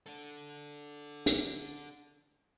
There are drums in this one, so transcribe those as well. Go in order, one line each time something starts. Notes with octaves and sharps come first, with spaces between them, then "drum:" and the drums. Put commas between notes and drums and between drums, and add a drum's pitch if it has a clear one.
D4 A4
drum: hi-hat